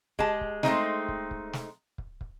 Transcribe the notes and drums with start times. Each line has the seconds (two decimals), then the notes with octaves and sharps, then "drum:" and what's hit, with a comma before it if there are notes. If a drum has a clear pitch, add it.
0.19 G#3 G4 A5, drum: kick
0.41 drum: kick
0.63 G#3 A3 C4 D#4, drum: snare
1.08 drum: kick
1.31 drum: kick
1.53 drum: snare
1.98 drum: kick
2.21 drum: kick